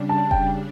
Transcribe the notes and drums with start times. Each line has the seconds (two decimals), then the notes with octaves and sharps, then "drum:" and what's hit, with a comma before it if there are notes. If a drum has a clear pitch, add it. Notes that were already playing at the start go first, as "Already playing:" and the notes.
Already playing: C#3 G3 D4
0.09 A5
0.31 G5, drum: kick F1